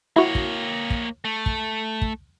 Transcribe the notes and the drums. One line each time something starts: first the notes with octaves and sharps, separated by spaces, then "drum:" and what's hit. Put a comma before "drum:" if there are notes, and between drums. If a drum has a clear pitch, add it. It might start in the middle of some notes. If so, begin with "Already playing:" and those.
A#3 E4 F#4 C#5
drum: kick
drum: kick
A3
drum: kick
drum: kick